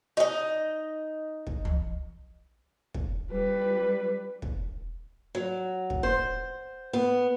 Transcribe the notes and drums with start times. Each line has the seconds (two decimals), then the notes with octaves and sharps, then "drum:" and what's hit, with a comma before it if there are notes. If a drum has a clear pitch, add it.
0.17 D#4 D#5
1.47 drum: kick
1.65 drum: tom
2.94 drum: kick
3.31 G3 B4
4.42 drum: kick
5.35 F#3
5.90 drum: kick
6.03 C5
6.93 B3